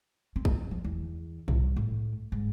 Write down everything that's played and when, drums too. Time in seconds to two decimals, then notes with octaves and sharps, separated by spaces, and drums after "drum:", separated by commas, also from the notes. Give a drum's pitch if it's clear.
0.36 C4
0.45 drum: kick A#1
0.71 F3
0.84 E2
1.48 C2, drum: tom G#2
1.76 A2
2.32 G#2